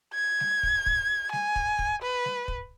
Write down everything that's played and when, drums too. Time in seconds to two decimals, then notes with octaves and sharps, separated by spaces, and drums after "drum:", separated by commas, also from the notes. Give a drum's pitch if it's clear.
0.14 G#6
0.40 drum: snare G3
0.63 drum: kick
0.86 drum: kick
1.33 G#5, drum: snare G3
1.56 drum: kick
1.79 drum: kick
2.03 B4
2.25 drum: snare G3
2.48 drum: kick